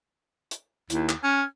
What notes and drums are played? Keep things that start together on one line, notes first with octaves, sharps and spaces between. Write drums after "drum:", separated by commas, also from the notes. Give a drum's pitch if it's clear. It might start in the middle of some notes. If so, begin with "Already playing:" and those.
drum: hi-hat
D#2 E4, drum: hi-hat
drum: clap
C#4 F6